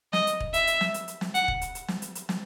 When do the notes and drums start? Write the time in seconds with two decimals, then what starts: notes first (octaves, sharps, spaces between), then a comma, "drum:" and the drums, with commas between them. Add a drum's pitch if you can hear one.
0.13 D#5, drum: snare
0.27 drum: hi-hat
0.40 drum: kick E1
0.54 E5, drum: hi-hat
0.67 drum: hi-hat
0.81 drum: snare
0.94 drum: hi-hat
1.08 drum: hi-hat
1.21 drum: snare
1.35 F#5, drum: hi-hat
1.48 drum: kick E1
1.61 drum: hi-hat
1.75 drum: hi-hat
1.88 drum: snare
2.02 drum: hi-hat
2.15 drum: hi-hat
2.29 drum: snare